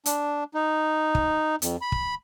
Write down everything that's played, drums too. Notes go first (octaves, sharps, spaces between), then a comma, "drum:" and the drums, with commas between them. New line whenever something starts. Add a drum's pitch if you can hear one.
D4, drum: hi-hat
D#4
drum: kick
F2, drum: hi-hat
B5
drum: kick